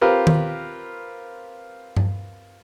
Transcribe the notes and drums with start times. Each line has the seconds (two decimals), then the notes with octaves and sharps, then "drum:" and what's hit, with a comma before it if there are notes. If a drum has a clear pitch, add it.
0.01 C4 F4 G4 A#4 B4
0.27 drum: tom D#3
1.97 drum: tom G2